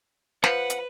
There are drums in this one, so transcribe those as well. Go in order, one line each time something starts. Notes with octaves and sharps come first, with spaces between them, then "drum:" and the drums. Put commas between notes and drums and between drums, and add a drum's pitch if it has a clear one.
F3 B4 F#5, drum: snare
drum: hi-hat